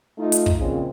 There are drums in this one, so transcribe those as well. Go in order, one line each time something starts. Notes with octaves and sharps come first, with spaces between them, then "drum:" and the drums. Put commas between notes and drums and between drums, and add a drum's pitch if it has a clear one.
A3 D#4 F4
drum: hi-hat
drum: kick
A#2 C#3 F3 G#3 C4 F4